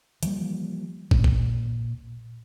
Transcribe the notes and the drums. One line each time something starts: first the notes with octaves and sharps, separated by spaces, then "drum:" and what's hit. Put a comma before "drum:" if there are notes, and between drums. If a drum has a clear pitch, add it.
E3 F3 G3 A#3, drum: hi-hat
A#2, drum: kick
drum: kick